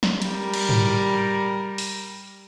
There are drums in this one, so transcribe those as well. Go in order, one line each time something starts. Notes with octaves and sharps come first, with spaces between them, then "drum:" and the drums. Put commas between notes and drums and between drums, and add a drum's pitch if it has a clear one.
drum: snare
G3 A#4, drum: hi-hat
drum: cymbal
drum: tom G#2
drum: open hi-hat